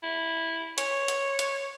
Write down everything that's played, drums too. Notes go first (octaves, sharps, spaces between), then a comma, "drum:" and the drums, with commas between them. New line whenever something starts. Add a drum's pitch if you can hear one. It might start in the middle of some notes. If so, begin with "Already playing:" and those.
E4
C#5, drum: hi-hat
drum: hi-hat
drum: hi-hat